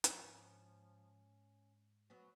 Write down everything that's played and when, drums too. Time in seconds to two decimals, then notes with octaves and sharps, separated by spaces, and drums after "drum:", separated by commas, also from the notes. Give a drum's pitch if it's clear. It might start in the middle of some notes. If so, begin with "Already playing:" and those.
0.04 G#2 F3 C#4, drum: hi-hat
2.10 F#3 B3 C#4 F#4